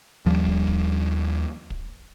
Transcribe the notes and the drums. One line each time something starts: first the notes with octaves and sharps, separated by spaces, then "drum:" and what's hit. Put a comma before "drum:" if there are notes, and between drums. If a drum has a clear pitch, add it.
D#2 F3 G3
drum: kick
drum: kick
drum: kick